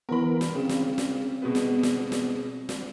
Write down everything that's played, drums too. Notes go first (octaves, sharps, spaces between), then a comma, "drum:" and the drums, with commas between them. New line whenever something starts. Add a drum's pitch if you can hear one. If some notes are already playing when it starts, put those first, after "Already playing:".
E3 B3 A#4 B5
drum: snare
C#3 C4
drum: snare
drum: snare
B2 G#3 B3
drum: snare
drum: snare
drum: snare
drum: snare